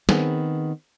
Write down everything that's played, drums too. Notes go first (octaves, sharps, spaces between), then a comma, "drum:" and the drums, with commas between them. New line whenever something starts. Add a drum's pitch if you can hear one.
D#3 B3 C4 G#4, drum: snare